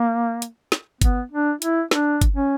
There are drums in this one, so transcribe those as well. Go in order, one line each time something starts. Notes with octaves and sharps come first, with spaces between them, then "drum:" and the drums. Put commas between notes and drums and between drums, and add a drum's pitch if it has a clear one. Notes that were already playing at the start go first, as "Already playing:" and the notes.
Already playing: A#3
drum: hi-hat
drum: snare
B3, drum: kick G1, hi-hat
D4
E4, drum: hi-hat
D4, drum: snare
drum: kick G1, hi-hat
C#4